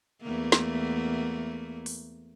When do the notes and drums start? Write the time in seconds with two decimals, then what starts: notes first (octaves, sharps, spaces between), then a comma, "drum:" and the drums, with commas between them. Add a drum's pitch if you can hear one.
0.22 E2 A3 A#3
0.52 drum: snare
1.86 drum: open hi-hat